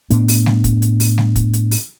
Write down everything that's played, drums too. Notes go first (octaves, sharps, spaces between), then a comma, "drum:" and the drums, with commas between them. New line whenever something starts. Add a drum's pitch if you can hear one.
A2 B3 D4, drum: hi-hat
drum: open hi-hat
drum: snare G3
drum: kick, hi-hat
drum: hi-hat
drum: open hi-hat
drum: snare G3
drum: kick, hi-hat
drum: hi-hat
drum: open hi-hat